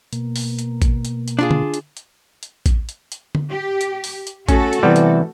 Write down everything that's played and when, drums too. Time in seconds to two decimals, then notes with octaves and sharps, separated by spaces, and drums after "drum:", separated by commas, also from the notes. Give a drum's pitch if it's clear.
0.13 B2 A#3, drum: hi-hat
0.36 drum: open hi-hat
0.59 drum: hi-hat
0.82 drum: kick, hi-hat
1.05 drum: hi-hat
1.28 drum: hi-hat
1.39 D4 F4 G#4
1.51 drum: tom D3
1.74 drum: hi-hat
1.97 drum: hi-hat
2.43 drum: hi-hat
2.66 drum: kick, hi-hat
2.89 drum: hi-hat
3.12 drum: hi-hat
3.35 drum: tom D3
3.51 G4
3.81 drum: hi-hat
4.04 drum: open hi-hat
4.27 drum: hi-hat
4.49 A3 C#4 F#4 A4, drum: kick, hi-hat
4.73 drum: hi-hat
4.83 C3 E3 G3 B3
4.96 drum: hi-hat